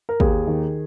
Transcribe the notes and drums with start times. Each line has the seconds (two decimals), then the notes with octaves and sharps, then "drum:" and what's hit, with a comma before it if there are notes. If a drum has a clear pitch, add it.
0.09 A#4
0.20 D#2 G#4, drum: kick
0.47 D#3